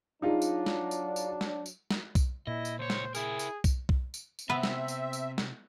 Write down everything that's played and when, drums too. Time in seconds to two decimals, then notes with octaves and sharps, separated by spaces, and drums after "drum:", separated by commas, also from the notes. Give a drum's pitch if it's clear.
0.22 F#3 D4 D#4 F4 G#4
0.42 drum: tambourine
0.66 drum: snare
0.91 drum: tambourine
1.16 drum: tambourine
1.41 drum: snare
1.66 drum: tambourine
1.91 drum: snare
2.15 drum: kick B1, tambourine
2.47 A#2 E4 D#5
2.65 drum: tambourine
2.79 C#2 C5 C#5
2.90 drum: snare
3.15 E4 G#4 A#4, drum: tambourine
3.39 drum: tambourine
3.64 drum: kick B1, tambourine
3.89 drum: kick B1
4.14 drum: tambourine
4.39 drum: tambourine
4.49 C3 B3 C4 B4 E5
4.63 drum: snare
4.88 drum: tambourine
5.13 drum: tambourine
5.38 drum: snare